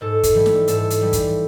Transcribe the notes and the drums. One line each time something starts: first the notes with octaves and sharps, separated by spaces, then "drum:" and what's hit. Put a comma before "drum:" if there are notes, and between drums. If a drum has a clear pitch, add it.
G#2 A4
drum: kick, hi-hat
E3 G3
drum: snare
G#2 A4, drum: hi-hat
drum: hi-hat
E3 G3
drum: kick, hi-hat